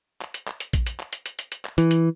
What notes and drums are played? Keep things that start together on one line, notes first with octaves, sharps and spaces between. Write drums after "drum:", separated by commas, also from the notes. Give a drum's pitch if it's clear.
drum: clap
drum: hi-hat
drum: clap
drum: hi-hat
drum: kick, hi-hat
drum: hi-hat
drum: clap
drum: hi-hat
drum: hi-hat
drum: hi-hat
drum: hi-hat
drum: clap
E3, drum: hi-hat
drum: hi-hat